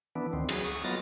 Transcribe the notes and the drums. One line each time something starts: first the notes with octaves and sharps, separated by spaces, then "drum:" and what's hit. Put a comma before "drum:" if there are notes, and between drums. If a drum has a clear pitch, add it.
E3 B3 D4
D2 D#3 C4
F#3 G#4, drum: cymbal
C#6 D#6
F#3 B3 F4 D#5 A6 A#6